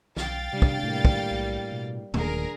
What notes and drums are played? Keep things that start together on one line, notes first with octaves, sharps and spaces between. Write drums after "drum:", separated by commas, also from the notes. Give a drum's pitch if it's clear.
B1 F5 G5 A6, drum: snare
C3 G3 D4
drum: kick
A2 G3 A#3
drum: kick
B1
B2
D#1 D#2 A#2 D3 G#4 A#4, drum: tom A#2